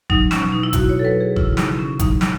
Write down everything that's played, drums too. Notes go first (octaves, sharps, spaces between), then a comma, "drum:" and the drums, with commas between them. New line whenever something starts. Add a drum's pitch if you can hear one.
F#3 D#4, drum: kick F#1
C#4, drum: snare
B2
D#4
E4
B2 F#4, drum: kick F#1, hi-hat
C#5
A4
F#3 B4
G#4
C#3 E4, drum: kick F#1
E4
D#4, drum: snare
C#3
C#4
F#3 D#4, drum: kick F#1, hi-hat
drum: snare